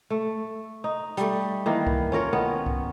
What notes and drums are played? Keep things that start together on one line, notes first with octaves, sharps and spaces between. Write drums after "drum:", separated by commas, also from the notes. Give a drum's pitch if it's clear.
A3
D#4
G3 A3, drum: hi-hat
D#3 E3 A#3
drum: kick C2
C#4 F4 A#4 C#5
D#3 B3 C#4
drum: kick C2